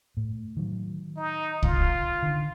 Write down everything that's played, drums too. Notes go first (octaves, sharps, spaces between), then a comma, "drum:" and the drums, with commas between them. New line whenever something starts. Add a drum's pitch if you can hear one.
A2
D#3 F#3
D#4
F4, drum: kick
D3 D#3